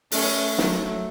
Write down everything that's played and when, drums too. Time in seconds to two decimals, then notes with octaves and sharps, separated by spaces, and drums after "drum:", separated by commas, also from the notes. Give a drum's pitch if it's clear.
0.12 A3 C#4, drum: open hi-hat
0.58 F#3 A3, drum: snare